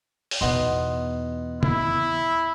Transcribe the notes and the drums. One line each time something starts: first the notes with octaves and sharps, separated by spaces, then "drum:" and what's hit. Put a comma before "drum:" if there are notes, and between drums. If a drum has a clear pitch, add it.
drum: open hi-hat
E2 B2 B3 D#4 C6
E4, drum: tom